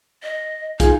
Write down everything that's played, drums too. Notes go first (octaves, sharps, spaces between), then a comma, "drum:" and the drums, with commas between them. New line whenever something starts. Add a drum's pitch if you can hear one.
D#5
D#4 F4 G#4, drum: kick, hi-hat